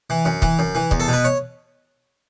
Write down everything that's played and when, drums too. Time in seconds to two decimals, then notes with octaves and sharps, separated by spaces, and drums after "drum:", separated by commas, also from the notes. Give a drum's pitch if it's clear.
0.10 E3
0.25 F#2
0.42 E3, drum: kick
0.59 F#2
0.75 E3
0.91 E2, drum: kick
1.00 A4
1.08 B2 B4
1.24 C#5